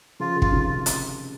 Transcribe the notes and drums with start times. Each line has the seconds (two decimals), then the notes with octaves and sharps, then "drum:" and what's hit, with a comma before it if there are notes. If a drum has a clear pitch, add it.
0.20 C#3 F3 F4
0.36 C#3
0.42 F4, drum: kick
0.52 C3 D#3
0.64 F4
0.86 drum: hi-hat